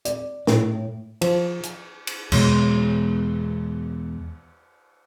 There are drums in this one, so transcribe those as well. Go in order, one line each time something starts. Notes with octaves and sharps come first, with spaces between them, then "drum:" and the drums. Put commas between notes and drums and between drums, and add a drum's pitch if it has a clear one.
D5, drum: hi-hat
A2, drum: snare
F3, drum: cymbal
drum: hi-hat
drum: cymbal
E2 B2 G#3, drum: cymbal